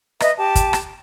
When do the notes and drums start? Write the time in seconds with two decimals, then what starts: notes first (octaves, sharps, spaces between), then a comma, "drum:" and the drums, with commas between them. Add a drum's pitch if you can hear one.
0.20 B4 D#5 E5, drum: rim click
0.38 G4 A5
0.55 drum: kick, hi-hat
0.73 drum: rim click